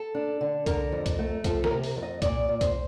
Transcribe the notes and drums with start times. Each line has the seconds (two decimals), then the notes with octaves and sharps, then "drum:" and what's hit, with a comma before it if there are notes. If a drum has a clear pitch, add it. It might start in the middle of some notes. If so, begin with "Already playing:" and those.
Already playing: A4
0.15 D4
0.41 D3
0.66 D3 A#4, drum: kick C2, hi-hat
0.92 F2
1.06 drum: kick C2, hi-hat
1.19 A3
1.44 F3 A4, drum: kick C2, hi-hat
1.64 A#4, drum: snare
1.71 C3
1.84 drum: open hi-hat
1.96 F2
2.03 D#5
2.22 A#2 D5, drum: kick C2, hi-hat
2.48 A#2
2.61 C5, drum: kick C2, hi-hat